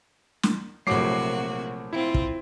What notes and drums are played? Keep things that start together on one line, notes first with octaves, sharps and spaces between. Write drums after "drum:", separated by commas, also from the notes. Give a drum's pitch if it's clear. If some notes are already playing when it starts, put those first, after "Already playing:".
drum: snare
A#1 A2 C3 F#3 A#3 F#4 D6 C7
C4 E4 F4
drum: kick